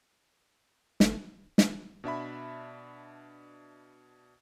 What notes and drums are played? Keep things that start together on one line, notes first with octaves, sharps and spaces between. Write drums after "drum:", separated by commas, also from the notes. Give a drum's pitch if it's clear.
G1 A3, drum: snare
drum: snare
B2 D4 E5 B5